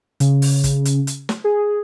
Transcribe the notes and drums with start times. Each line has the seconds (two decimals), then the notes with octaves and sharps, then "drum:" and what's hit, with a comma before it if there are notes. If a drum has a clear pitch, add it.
0.20 C#3, drum: hi-hat
0.42 drum: open hi-hat
0.64 drum: kick, hi-hat
0.85 drum: hi-hat
1.07 drum: hi-hat
1.29 drum: snare
1.44 G#4